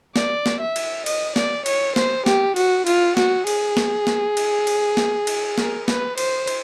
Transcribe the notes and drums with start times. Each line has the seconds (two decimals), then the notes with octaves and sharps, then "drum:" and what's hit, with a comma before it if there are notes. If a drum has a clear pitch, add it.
0.16 D5, drum: snare
0.46 drum: snare
0.61 E5
0.76 drum: cymbal
1.06 D#5, drum: cymbal
1.36 D5, drum: snare
1.66 C#5, drum: cymbal
1.96 C5, drum: snare
2.26 G4, drum: snare
2.56 F#4, drum: cymbal
2.87 F4, drum: cymbal
3.17 F#4, drum: snare
3.47 G#4, drum: cymbal
3.77 drum: snare
4.07 drum: snare
4.37 drum: cymbal
4.67 drum: cymbal
4.97 drum: snare
5.27 drum: cymbal
5.58 A#4, drum: snare
5.88 B4, drum: snare
6.18 C5, drum: cymbal
6.47 drum: cymbal